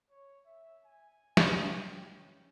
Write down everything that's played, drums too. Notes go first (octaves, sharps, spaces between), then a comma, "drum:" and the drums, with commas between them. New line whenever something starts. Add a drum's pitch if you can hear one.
C#5
E5
G#5
G#5, drum: snare
G5
C#4